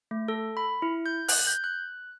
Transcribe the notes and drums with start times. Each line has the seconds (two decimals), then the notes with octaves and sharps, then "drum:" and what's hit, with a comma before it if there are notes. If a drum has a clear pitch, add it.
0.11 A3
0.28 A4
0.57 B5
0.82 E4
1.06 G6
1.28 F#6, drum: open hi-hat
1.47 G6
1.64 F#6